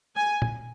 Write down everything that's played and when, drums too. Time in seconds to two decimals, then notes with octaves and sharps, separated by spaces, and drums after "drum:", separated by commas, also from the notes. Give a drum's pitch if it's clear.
0.15 G#5
0.42 drum: tom